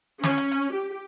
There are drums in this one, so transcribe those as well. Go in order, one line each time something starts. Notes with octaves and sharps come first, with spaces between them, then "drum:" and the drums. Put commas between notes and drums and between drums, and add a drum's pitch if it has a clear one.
C#4, drum: snare
drum: hi-hat
drum: hi-hat
G4